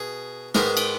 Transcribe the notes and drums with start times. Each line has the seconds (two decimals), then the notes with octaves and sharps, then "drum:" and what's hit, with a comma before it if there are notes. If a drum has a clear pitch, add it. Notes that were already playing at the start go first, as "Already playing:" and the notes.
Already playing: B2 G#4
0.55 G#2 D#3 G#3 B3 A#4, drum: snare
0.77 drum: cymbal